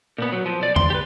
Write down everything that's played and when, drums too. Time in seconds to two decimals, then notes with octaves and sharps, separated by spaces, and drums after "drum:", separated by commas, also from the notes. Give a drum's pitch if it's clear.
0.18 A#2 B3
0.33 F#3
0.46 F3
0.60 B1 D5
0.76 C6, drum: tom E2
0.90 G4 B4